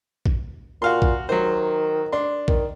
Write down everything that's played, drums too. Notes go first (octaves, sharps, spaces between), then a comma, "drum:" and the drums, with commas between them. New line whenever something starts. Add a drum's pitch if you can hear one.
drum: kick
A#2 F#4 F5 C6
drum: kick
D#3 F#3 C5
D4 C6
D#3, drum: kick